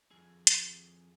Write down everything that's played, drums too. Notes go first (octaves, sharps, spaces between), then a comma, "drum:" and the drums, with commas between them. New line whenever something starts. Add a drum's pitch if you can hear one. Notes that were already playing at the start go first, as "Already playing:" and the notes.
F2 G#4
drum: hi-hat